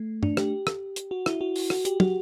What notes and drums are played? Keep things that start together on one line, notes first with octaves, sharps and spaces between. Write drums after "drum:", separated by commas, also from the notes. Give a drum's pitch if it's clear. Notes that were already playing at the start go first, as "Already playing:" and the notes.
Already playing: A3
D4, drum: tom
G4, drum: rim click
drum: rim click
drum: hi-hat
F#4
E4, drum: rim click
F#4
drum: open hi-hat
F#4, drum: rim click
G4, drum: hi-hat
F#4, drum: tom